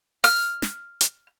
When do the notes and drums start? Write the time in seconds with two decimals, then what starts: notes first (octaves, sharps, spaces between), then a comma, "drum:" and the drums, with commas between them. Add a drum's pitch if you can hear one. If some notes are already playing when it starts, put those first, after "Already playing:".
0.24 F6, drum: open hi-hat
0.62 drum: snare
1.01 drum: hi-hat